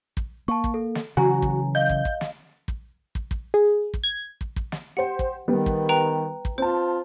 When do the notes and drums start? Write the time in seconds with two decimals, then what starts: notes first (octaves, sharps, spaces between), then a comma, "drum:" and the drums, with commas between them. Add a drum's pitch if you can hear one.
0.17 drum: kick
0.48 A#3 A5 C#6
0.64 drum: kick
0.74 A4
0.95 drum: snare
1.17 C#3 E3 F#3 F#4 G#5 A#5
1.42 drum: kick
1.75 D#5 F5 G6
1.89 drum: kick
2.05 drum: kick
2.21 drum: snare
2.68 drum: kick
3.15 drum: kick
3.31 drum: kick
3.54 G#4
3.94 drum: kick
4.04 G#6
4.41 drum: kick
4.56 drum: kick
4.72 drum: snare
4.97 G4 C5 F#5
5.19 drum: kick
5.48 D#3 G3 B3
5.66 drum: kick
5.89 B4 G5 A#5
6.45 drum: kick
6.58 C4 F4 C5 A5